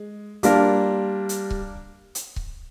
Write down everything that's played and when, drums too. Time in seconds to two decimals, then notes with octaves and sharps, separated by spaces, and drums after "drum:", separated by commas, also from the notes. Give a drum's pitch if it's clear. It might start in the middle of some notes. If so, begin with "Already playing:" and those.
Already playing: G#3
0.43 G3 A#3 D4 F4 A#4, drum: hi-hat
1.29 drum: hi-hat
1.51 drum: kick C#1
2.15 drum: hi-hat
2.36 drum: kick C#1